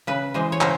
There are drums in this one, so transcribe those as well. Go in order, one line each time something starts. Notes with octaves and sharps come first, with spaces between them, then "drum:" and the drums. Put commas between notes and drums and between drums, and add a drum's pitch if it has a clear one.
C#3 B4
E3 G#3 C5
C#5
C#3 C5, drum: clap